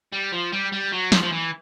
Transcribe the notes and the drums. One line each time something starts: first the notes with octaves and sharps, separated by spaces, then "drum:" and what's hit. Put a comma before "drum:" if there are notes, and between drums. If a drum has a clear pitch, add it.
G3
F3
G3
G3
F#3
F3, drum: snare
F3
E3